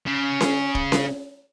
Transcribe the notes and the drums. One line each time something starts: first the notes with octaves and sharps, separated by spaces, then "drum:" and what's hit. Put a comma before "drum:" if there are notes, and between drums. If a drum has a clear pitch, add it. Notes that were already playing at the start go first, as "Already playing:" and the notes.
C#3
drum: snare C#4
drum: kick
drum: snare C#4